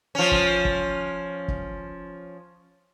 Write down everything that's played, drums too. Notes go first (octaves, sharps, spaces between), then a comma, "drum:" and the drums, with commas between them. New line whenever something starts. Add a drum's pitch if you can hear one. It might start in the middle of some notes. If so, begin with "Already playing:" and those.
F3 C#4
drum: kick
drum: kick
drum: kick